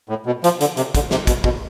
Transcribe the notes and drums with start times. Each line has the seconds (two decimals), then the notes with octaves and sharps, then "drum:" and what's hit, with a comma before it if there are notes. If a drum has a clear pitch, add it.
0.09 A2
0.26 B2
0.44 F3, drum: hi-hat
0.60 D3, drum: hi-hat
0.77 C3, drum: hi-hat
0.95 D3, drum: kick, hi-hat
1.11 C3, drum: snare
1.27 B2, drum: kick, hi-hat
1.44 B2, drum: kick